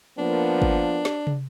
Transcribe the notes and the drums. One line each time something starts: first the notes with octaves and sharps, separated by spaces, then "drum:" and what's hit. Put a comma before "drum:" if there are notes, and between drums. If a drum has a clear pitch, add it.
F3 A#3 B3 D4
drum: kick
drum: snare
drum: tom